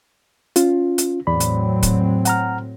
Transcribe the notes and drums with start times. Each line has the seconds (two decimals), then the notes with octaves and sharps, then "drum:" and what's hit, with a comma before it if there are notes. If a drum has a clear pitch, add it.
0.56 C#4 F4, drum: hi-hat
0.98 drum: hi-hat
1.27 E2 A2 F#3 C4 D5 B5
1.40 drum: hi-hat
1.83 drum: kick, hi-hat
2.25 F#5 A#5 F6, drum: hi-hat